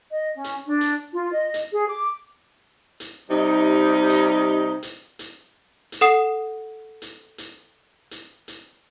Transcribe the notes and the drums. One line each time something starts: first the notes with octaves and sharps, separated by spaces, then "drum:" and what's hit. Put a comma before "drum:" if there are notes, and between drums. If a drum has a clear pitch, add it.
D#5
C#4
drum: hi-hat
D4
drum: hi-hat
F4
D#5
drum: hi-hat
G#4
D6
drum: hi-hat
C3 G3 D#4
drum: hi-hat
drum: hi-hat
drum: hi-hat
drum: hi-hat
A4 F#5 D#6 C7 E7
drum: hi-hat
drum: hi-hat
drum: hi-hat
drum: hi-hat